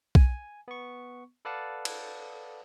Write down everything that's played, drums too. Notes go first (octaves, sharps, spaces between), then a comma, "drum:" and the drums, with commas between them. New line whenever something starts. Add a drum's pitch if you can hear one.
G#5, drum: kick B1
B3 C#6
A4 B4 D5 F5 F#5 A5
drum: cymbal